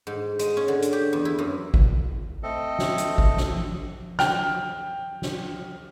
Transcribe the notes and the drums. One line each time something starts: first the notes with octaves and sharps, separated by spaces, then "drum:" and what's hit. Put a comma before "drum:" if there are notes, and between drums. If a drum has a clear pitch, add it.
G#2
G#3, drum: hi-hat
C#4
D3
drum: hi-hat
G4
E2
E4
F#2
drum: kick G1
A3 C4 A4 D#5
drum: snare
drum: hi-hat
drum: kick G1
drum: snare
drum: tom F3
G5 F6, drum: snare
drum: snare